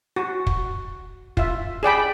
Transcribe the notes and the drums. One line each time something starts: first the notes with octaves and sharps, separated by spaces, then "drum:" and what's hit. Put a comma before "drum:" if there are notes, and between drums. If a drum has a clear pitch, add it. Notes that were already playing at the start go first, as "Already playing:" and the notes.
F#4
drum: kick
F4 E5, drum: kick
G#4 D5 G5 B5